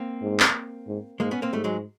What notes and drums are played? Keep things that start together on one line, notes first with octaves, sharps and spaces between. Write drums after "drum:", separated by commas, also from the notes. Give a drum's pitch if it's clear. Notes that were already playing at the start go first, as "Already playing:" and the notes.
Already playing: A#3 C4
G#2
drum: clap
G#2
G#2 G#3 A#3
B3 C#4
A#3 C4
G#2 G3 A3
F#3 G#3